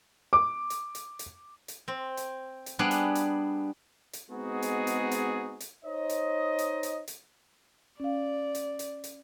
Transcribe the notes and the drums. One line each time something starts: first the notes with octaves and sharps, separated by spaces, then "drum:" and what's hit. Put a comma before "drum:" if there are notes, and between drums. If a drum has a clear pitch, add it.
D6
drum: hi-hat
drum: hi-hat
drum: hi-hat
drum: hi-hat
C4
drum: hi-hat
drum: hi-hat
G3 B3 D4 G#4
drum: hi-hat
drum: hi-hat
drum: hi-hat
G#3 B3 C4 D#4 F#4 G#4
drum: hi-hat
drum: hi-hat
drum: hi-hat
drum: hi-hat
D#4 C5 C#5 D#5
drum: hi-hat
drum: hi-hat
drum: hi-hat
drum: hi-hat
C#4 D5 F5
drum: hi-hat
drum: hi-hat
drum: hi-hat